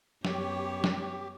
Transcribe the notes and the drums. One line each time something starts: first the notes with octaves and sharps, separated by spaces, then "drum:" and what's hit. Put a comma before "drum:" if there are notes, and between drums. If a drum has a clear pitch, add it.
F#2 B3 G4 C#5, drum: snare
drum: snare